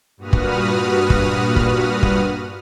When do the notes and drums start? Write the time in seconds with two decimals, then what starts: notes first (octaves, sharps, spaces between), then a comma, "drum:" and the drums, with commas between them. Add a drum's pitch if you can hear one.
0.17 G2 A#2 F#4 B4 D#6 F6
0.33 drum: kick
1.10 drum: kick
1.56 drum: kick
2.03 drum: kick